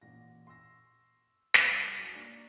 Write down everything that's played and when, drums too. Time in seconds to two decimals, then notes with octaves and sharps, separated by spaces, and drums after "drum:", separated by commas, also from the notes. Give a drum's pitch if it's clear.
0.02 A1 A#2 A#6
0.47 C6 C#6 E6 A#6
1.54 C2, drum: snare
1.99 F#3 G#5 D6 F6
2.14 A#3 D4 C#6 F#6 G7